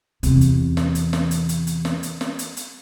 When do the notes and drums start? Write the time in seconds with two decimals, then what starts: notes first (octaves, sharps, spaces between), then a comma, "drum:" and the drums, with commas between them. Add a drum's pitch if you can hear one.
0.23 E2 C3, drum: hi-hat
0.41 drum: hi-hat
0.77 drum: snare
0.95 drum: hi-hat
1.13 drum: snare
1.31 drum: hi-hat
1.49 drum: hi-hat
1.67 drum: hi-hat
1.85 drum: snare
2.03 drum: hi-hat
2.21 drum: snare
2.39 drum: hi-hat
2.57 drum: hi-hat